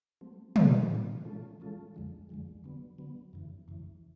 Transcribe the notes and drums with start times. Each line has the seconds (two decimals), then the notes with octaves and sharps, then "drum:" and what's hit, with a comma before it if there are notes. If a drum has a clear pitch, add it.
0.21 F#3 A3 C4
0.56 B2 G#3 B3 D4 F4, drum: tom
0.90 B2 G#3 B3 D4 F4
1.25 E3 G#3 C#4 F4 A4
1.60 E3 G#3 C#4 F4 A4
1.95 F2 D3 F3 G#3
2.29 F2 D3 F3 G#3
2.64 D3 F#3 B3
2.98 D3 F#3 B3
3.33 F#2 C#3 E3
3.68 F#2 C#3 E3